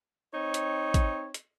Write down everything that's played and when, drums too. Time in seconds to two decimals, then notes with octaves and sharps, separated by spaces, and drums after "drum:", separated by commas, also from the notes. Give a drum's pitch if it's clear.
0.34 C4 D#4 C#5
0.54 drum: hi-hat
0.94 drum: kick G#1, hi-hat
1.34 drum: hi-hat